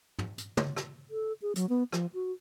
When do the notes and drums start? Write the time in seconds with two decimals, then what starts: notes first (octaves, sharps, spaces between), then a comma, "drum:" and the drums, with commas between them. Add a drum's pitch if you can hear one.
0.19 drum: tom
0.38 drum: hi-hat
0.57 drum: tom
0.76 drum: rim click
1.10 A4
1.42 G#4
1.55 F#3, drum: hi-hat
1.69 B3
1.92 F3, drum: rim click
2.14 F#4